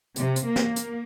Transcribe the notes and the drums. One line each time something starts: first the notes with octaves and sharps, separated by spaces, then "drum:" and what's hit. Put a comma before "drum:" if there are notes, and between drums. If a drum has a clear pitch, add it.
C3, drum: hi-hat
drum: hi-hat
A#3
drum: snare
drum: hi-hat